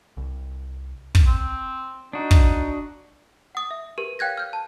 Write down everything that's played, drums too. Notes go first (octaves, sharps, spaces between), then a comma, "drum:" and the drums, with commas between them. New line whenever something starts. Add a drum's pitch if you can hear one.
C2
drum: kick
C4
D4 D#4 F#4
drum: kick
F#5 D#6
E5
G4 A#4 B4
C#5 F5 G5 F#6 G#6 A#6
F6 G6
A5